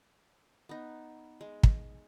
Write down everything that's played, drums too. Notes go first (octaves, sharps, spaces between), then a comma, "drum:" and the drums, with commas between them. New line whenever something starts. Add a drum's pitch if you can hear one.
B3 D#4
G#3
drum: kick